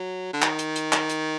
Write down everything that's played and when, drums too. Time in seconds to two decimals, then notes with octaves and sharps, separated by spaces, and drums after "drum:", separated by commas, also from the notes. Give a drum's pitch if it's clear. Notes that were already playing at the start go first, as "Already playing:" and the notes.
Already playing: F#3
0.33 D3
0.42 D#3, drum: clap
0.59 drum: hi-hat
0.76 drum: hi-hat
0.93 drum: clap
1.10 drum: hi-hat